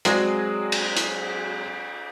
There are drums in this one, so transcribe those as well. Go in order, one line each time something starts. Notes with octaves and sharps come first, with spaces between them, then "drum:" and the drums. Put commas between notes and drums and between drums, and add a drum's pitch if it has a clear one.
F#3 G#3 C4 F#4 G#4 D5, drum: hi-hat
drum: cymbal
drum: hi-hat